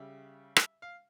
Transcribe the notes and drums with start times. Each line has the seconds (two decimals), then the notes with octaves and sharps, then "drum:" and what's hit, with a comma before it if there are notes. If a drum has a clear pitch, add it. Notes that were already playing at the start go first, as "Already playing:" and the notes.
Already playing: C#3 G3 E5
0.56 drum: rim click
0.82 F5